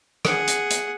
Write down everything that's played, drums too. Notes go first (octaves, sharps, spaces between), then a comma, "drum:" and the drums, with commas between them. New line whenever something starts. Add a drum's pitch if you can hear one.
G#4 F#5, drum: rim click
drum: hi-hat
drum: hi-hat